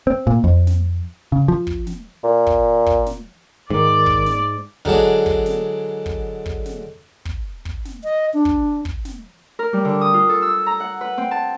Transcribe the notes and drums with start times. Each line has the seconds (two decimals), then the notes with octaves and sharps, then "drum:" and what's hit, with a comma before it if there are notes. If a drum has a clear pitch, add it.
0.07 C4
0.27 A#2
0.44 F2
0.67 drum: snare
1.32 C#3
1.48 F3
1.67 drum: kick
1.87 drum: snare
2.24 A#2
2.47 drum: kick
2.86 drum: kick
3.06 drum: snare
3.70 G#2 D#3 A#4 D5
4.06 drum: kick
4.26 drum: snare
4.85 D3 F#3 G#3 D4, drum: kick
5.26 drum: kick
5.46 drum: snare
6.06 drum: kick
6.46 drum: kick
6.66 drum: snare
7.25 drum: kick
7.65 drum: kick
7.85 drum: snare
8.04 D#5
8.34 D4
8.45 drum: kick
8.85 drum: kick
9.05 drum: snare
9.59 A#4
9.73 G3
9.85 D3
10.01 D#6
10.14 F4
10.29 A4
10.42 E6
10.66 A#5
10.80 F#5
11.01 B4
11.18 C4
11.31 A5